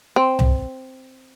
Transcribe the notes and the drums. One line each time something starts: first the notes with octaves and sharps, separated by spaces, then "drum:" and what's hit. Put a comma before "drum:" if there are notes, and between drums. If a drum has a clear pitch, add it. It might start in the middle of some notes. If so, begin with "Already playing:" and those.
C4
drum: tom C2